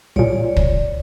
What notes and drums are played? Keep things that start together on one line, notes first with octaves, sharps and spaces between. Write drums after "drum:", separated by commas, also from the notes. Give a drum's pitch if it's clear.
C2 A#2 C#5 D5
drum: kick